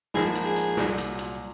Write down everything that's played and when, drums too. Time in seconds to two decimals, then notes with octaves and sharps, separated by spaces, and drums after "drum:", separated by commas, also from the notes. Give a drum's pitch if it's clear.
0.14 A#1 G#2 F3 A#3 G#4, drum: snare
0.35 drum: hi-hat
0.45 G#4
0.56 drum: hi-hat
0.77 C2 A#2 F#3, drum: snare
0.98 drum: hi-hat
1.19 drum: hi-hat